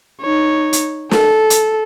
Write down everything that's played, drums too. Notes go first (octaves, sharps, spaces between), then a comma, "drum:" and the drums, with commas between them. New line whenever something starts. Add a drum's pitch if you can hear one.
D#4 C#5
drum: hi-hat
A4, drum: snare
drum: hi-hat